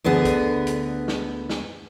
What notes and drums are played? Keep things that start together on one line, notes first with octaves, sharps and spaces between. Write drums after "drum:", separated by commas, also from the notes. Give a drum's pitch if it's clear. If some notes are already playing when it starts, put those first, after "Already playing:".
D2 D3 B3 G#4
drum: kick, hi-hat
drum: hi-hat
drum: snare
drum: snare